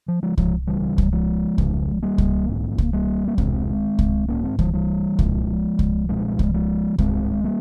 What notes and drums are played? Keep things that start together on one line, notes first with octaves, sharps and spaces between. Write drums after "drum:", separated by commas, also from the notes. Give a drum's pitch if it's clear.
F3
F3 G#3
F3 G#3, drum: kick C2
C#2 C#3 E3 G3
drum: kick C2
F3 G#3
E1 E2 C#3, drum: kick C2
G3 A#3
drum: kick C2
A#1 G#2
drum: kick C2
G3 A#3
A#3
E1 E2 C3 G#3 C4, drum: kick C2
drum: kick C2
G#1 G#2 A#3 C#4
G#3 C4
E3 G3, drum: kick C2
E3 G3
A#1 A#2 F3 G#3, drum: kick C2
drum: kick C2
C2 A#2 F3 G#3
drum: kick C2
F3 G#3
G#1 G2 G#3 C4, drum: kick C2
G3 A#3